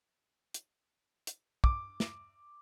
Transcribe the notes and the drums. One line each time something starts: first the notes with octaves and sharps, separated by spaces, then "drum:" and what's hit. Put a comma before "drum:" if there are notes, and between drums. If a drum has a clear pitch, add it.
drum: hi-hat
drum: hi-hat
D6, drum: kick
drum: snare